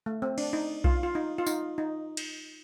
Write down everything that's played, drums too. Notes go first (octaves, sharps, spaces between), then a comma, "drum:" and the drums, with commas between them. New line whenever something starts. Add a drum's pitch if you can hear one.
A3
C4
D4, drum: cymbal
D#4
F4, drum: kick B1
F4
D#4
F4
D#4, drum: tambourine
D#4
drum: cymbal